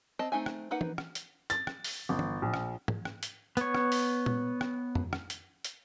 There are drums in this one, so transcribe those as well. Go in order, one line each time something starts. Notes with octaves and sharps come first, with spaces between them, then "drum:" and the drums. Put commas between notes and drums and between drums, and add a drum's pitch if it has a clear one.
C4 D#5 A5
A3 C4 D#4 E5 G#5
drum: rim click
A#3 D#4 B4 F#5
drum: tom E3
drum: rim click
drum: hi-hat
A6, drum: hi-hat
drum: rim click
drum: open hi-hat
G1
drum: tom E3
A#1
drum: rim click
drum: tom
drum: rim click
drum: hi-hat
B3 C#5, drum: hi-hat
drum: rim click
drum: open hi-hat
drum: tom A#2
drum: rim click
drum: tom F2
drum: rim click
drum: hi-hat
drum: hi-hat